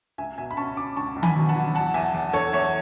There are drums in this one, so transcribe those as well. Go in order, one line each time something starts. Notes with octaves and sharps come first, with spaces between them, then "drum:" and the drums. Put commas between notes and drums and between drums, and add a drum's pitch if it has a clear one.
C#2 E5 G#5
B2 E5 G#5
B5
C#4 A5 C#6
C#4 B5 D6
C#2 A5 C#6
C#2
G#5 B5, drum: tom D#3
B2
F#5 A5
F#3
E2 F#5 A5
E2 E5 G#5
E2
E2 A4 C#5
E2 C#5 E5